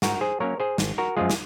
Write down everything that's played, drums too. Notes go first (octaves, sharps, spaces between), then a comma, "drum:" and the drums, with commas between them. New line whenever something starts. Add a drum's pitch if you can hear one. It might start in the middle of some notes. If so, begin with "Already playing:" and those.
G#2 F#4 A#4, drum: snare
G#4 C5
F#3 A#3 C#4 A#4 C#5
G#4 C5
G#1, drum: snare
F#4 A#4
F#2 F3 G#3 F4 G#4
drum: snare